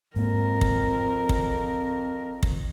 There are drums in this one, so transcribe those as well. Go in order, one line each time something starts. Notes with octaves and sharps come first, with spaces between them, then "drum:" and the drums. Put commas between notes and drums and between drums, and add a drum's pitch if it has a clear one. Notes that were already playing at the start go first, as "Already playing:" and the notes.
F2 G#2 A#3 C4 A#4
drum: kick
drum: kick
drum: kick